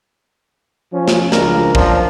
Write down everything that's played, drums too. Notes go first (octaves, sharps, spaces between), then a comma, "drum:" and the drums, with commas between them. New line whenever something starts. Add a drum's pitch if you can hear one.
F3 C#4
drum: snare
C#2 F3 D4 A#4, drum: snare
A#2 F3 F#3 D4, drum: kick